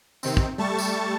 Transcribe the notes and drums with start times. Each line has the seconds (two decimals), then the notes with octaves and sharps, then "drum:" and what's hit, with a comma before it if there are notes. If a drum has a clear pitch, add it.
0.23 C3 D#3 C4, drum: tambourine
0.37 drum: kick
0.58 G3 A3 A5 C#6 A6
0.79 drum: tambourine